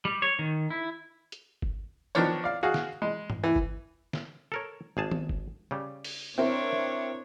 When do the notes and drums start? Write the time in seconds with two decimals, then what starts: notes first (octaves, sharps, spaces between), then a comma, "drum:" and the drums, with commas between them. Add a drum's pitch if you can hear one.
0.05 G3
0.22 C#5
0.39 D#3
0.70 E4
1.32 drum: hi-hat
1.62 drum: kick G1
2.15 D#3 F3 B3 D4 A#4 C#5, drum: tambourine
2.44 D5 F5
2.63 F#4 G#4 F5
2.74 drum: snare
3.02 G#3
3.30 drum: tom G2
3.44 E3
3.56 drum: kick G1
4.13 drum: snare
4.52 A4 A#4 C#5
4.97 G#1 G#4 A5
5.11 drum: tom D#3
5.29 drum: kick G1
5.71 C#3 G3
6.04 drum: open hi-hat
6.38 C4 D4 E4 A#4 C#5